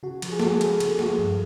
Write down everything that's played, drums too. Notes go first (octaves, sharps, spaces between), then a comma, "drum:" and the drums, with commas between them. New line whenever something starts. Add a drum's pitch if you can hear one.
C#3 F#4
F3, drum: cymbal
G#4
G#3 A4, drum: snare A#3
G#4
B3 A4, drum: cymbal
C#3, drum: cymbal
F3, drum: snare A#3
G2